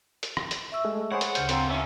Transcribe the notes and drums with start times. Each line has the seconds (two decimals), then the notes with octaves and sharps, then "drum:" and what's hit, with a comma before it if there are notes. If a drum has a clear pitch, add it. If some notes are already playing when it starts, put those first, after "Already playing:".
0.23 drum: hi-hat
0.37 drum: rim click
0.51 drum: hi-hat
0.72 E5 C#6 E6
0.85 G#3 A3
1.12 G#4 C5 C#5 F#5 B5
1.21 drum: hi-hat
1.35 D2 C#3 G6, drum: hi-hat
1.49 C4 F4 F#5 G5 A#5, drum: hi-hat
1.70 B3 C#4 E5